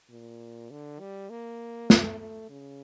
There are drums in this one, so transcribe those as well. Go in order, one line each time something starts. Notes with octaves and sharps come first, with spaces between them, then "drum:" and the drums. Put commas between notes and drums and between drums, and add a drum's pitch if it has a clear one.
A#2
D3
G3
A#3
A3, drum: snare
A3
C#3